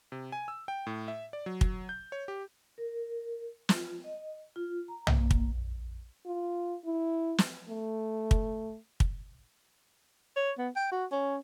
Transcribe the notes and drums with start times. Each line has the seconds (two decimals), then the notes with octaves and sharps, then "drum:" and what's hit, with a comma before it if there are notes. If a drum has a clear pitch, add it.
0.12 C3
0.32 G#5
0.48 E6
0.68 G5
0.87 A2
1.08 E5
1.33 D5
1.46 F#3
1.61 drum: kick
1.89 G6
2.12 C#5
2.28 G4
2.78 A#4
3.69 F4, drum: snare
4.04 D#5
4.56 F4
4.88 A#5
5.07 A#3, drum: tom
5.31 drum: kick
6.26 F4
6.85 E4
7.38 drum: snare
7.69 A3
8.31 drum: kick
9.00 drum: kick
10.36 C#5
10.58 B3
10.76 G5
10.92 F#4
11.12 C#4